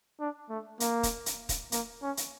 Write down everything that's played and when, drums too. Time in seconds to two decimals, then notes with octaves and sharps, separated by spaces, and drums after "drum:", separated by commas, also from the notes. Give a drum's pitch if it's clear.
0.20 D4
0.50 A3
0.80 A#3, drum: hi-hat
1.03 drum: kick, hi-hat
1.26 drum: hi-hat
1.49 drum: kick, hi-hat
1.72 A#3, drum: hi-hat
2.02 C#4
2.17 drum: hi-hat